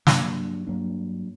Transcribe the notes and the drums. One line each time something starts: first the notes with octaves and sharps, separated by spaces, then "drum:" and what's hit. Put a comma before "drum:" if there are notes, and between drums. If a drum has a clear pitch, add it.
G2 F#3 A#3 D4, drum: snare
G2 F#3 A#3 D4